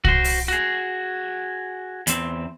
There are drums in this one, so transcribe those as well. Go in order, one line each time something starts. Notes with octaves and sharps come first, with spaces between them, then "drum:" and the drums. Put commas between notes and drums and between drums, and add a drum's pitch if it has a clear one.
F#4 C5, drum: kick C2
drum: open hi-hat
F#4 G#4
E2 C4, drum: hi-hat